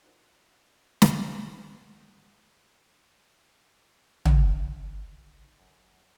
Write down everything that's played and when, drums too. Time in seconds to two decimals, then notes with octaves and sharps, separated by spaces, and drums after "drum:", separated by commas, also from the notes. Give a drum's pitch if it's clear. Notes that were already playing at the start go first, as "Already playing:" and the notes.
0.02 D4 D#4 F4 F#4 A#4 C5
1.02 drum: snare
1.50 G#1 B2 D3 D#3 F#5
4.25 drum: tom
5.44 D#4
5.60 F#2